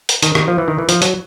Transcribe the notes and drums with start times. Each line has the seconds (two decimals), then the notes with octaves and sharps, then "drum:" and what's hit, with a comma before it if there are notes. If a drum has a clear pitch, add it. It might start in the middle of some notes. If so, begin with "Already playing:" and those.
0.09 drum: hi-hat
0.22 D#3, drum: hi-hat
0.35 D#3, drum: rim click
0.48 F3
0.58 E3
0.68 D#3
0.78 E3
0.89 F3, drum: hi-hat
1.02 F#3, drum: hi-hat